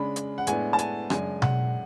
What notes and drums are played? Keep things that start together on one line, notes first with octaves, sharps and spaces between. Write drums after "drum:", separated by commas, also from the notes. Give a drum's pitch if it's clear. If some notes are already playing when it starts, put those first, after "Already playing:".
Already playing: C#3 G#3 D4 B5
drum: hi-hat
F#5
A2 G#3 B3 D4 G#5, drum: hi-hat
A5
G#5, drum: hi-hat
F#2 C#3 G#3 D4 G#5, drum: rim click
F#5, drum: tom B2